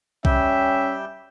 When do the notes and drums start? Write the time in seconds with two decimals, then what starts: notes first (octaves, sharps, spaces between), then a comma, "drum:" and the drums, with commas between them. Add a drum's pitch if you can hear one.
0.25 G3 C#4 E5 G5, drum: kick B1